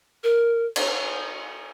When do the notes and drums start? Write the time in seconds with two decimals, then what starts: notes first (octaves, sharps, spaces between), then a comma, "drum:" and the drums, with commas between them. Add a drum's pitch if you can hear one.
0.24 A#4
0.76 drum: cymbal